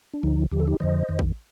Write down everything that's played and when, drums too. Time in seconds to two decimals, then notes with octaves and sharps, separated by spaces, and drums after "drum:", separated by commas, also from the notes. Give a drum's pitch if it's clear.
0.14 D4
0.23 D2 D3 F3 D#4
0.52 D#2 D3 F3 G4
0.60 A4
0.67 D#4 G4
0.80 F2 D3 F3 C5 D#5
1.09 F2 D#3
1.19 drum: kick A1